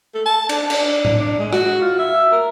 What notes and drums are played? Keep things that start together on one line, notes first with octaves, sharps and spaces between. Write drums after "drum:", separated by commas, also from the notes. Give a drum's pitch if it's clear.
A4
A5
D4, drum: cymbal
D4, drum: cymbal
drum: tom A2
D4
G#3
F#4, drum: rim click
F4
E5
A#4